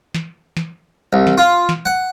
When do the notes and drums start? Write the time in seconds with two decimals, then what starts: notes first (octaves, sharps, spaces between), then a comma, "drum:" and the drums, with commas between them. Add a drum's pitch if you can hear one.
0.15 drum: snare
0.57 drum: snare
1.13 C2
1.27 drum: snare
1.38 F4
1.69 drum: snare
1.86 F#5